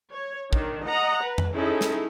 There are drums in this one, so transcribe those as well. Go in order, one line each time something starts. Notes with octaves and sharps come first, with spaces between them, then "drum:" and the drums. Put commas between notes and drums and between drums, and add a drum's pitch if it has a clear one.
C#5
D#3 D4, drum: kick
D#5 F#5 A#5
B4
drum: tom F2
C#4 D#4 E4 G#4 A4
drum: snare